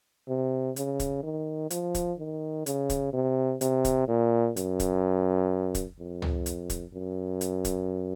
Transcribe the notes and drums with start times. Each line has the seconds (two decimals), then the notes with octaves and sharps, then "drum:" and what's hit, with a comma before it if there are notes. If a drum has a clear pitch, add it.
0.28 C3
0.76 C#3, drum: hi-hat
1.00 drum: kick, hi-hat
1.23 D#3
1.70 F3, drum: hi-hat
1.95 drum: kick, hi-hat
2.18 D#3
2.66 C#3, drum: hi-hat
2.90 drum: kick, hi-hat
3.13 C3
3.61 C3, drum: hi-hat
3.85 drum: kick, hi-hat
4.08 A#2
4.56 F#2, drum: hi-hat
4.80 drum: kick, hi-hat
5.75 drum: kick, hi-hat
5.99 F2
6.22 drum: tom
6.46 drum: hi-hat
6.70 drum: kick, hi-hat
6.94 F#2
7.41 drum: hi-hat
7.65 drum: kick, hi-hat